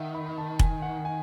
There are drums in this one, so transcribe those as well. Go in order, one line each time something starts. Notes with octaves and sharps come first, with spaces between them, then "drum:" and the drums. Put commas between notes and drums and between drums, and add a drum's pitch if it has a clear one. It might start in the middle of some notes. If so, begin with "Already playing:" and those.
Already playing: D#3 E5 F#5
B5
B5
A5
G#5, drum: kick F1
F#5
G#5